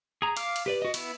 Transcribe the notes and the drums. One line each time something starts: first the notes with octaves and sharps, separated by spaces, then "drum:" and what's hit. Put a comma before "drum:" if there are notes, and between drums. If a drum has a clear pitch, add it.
G#4 A#5
F5 D6 F6, drum: cymbal
drum: cymbal
G4 B4 D5
F#4 D#5
B3 E4, drum: cymbal